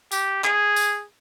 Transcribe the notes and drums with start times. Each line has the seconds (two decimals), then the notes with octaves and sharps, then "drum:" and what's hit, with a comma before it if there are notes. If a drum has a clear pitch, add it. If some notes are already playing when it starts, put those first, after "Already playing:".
0.12 G4, drum: tambourine
0.44 G#4, drum: clap
0.76 drum: tambourine